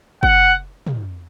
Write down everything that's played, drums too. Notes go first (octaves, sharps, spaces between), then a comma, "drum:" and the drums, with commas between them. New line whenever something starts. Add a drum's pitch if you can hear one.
F#5, drum: kick
drum: tom